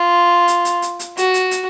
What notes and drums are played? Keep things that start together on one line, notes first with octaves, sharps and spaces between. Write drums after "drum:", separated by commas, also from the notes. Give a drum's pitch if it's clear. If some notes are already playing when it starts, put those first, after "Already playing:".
Already playing: F4
drum: hi-hat
drum: hi-hat
drum: hi-hat
drum: hi-hat
F#4, drum: hi-hat
drum: hi-hat
drum: hi-hat